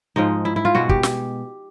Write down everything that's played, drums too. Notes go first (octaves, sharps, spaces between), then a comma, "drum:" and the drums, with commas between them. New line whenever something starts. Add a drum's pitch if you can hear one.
G#2 F3 G#3 D#4
E4
E4
F4
B2 G#3 B3 F#4
G4, drum: kick
drum: snare